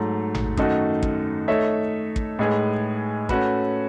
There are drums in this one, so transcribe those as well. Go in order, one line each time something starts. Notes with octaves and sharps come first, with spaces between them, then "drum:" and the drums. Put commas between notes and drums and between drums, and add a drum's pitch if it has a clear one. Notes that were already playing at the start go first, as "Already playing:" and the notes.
Already playing: G#2 F#3 A3
drum: tom G#1
F#2 D#3 A3 D#4 F#4, drum: kick
drum: kick
A3 D#4 A4 C#5 E5
drum: kick
A2 G#3 D#4 G#4 B4
A3 C#4 F#4 B4, drum: kick